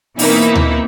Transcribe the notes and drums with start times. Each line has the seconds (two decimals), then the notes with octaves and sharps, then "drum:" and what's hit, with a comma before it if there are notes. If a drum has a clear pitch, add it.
0.19 B2 E3 A#3 C4 D#4 E4, drum: open hi-hat
0.55 drum: tom D2